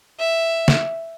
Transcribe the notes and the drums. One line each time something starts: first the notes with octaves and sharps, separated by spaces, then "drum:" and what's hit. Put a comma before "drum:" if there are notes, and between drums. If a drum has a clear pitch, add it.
E5
drum: snare